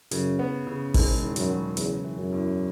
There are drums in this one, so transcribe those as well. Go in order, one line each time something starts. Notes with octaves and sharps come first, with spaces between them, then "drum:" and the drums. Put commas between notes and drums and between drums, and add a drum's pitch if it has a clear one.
F#2 C#3, drum: hi-hat
B3
C#3
E1 G#2, drum: kick, open hi-hat
D#3
F#2, drum: hi-hat
F#3
E2 C#3, drum: hi-hat
E3
F#2
E2